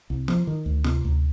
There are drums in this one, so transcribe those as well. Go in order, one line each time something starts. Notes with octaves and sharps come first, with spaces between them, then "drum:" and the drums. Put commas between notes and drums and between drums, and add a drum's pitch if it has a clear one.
C2
F3, drum: snare
D#3
D2
C3, drum: snare
D2